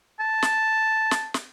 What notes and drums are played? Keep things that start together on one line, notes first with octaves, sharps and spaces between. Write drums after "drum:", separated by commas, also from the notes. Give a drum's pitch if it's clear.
A5
drum: snare
drum: snare
drum: snare